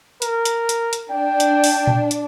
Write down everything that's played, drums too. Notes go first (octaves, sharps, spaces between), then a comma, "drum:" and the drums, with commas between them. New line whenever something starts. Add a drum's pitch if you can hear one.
A#4, drum: hi-hat
drum: hi-hat
drum: hi-hat
drum: hi-hat
D4 G5
drum: hi-hat
drum: open hi-hat
drum: tom A#2
drum: hi-hat